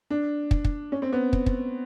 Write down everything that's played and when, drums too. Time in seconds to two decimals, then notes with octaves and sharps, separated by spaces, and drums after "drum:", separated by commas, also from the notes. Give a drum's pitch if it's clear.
0.10 D4
0.51 drum: kick
0.65 drum: kick
0.92 C#4
1.02 C4
1.13 B3
1.33 drum: kick
1.46 drum: kick